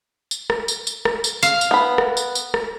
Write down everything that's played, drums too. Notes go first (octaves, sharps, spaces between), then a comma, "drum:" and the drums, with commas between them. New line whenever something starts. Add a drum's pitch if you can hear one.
drum: tambourine
drum: rim click
drum: tambourine
drum: tambourine
drum: rim click
drum: tambourine
F5, drum: tambourine
drum: tambourine
B3 B5
drum: rim click
drum: tambourine
drum: tambourine
drum: rim click